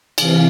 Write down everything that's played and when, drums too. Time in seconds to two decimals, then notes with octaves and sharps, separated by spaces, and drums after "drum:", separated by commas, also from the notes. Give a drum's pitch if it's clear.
0.18 C3 E3 F5, drum: cymbal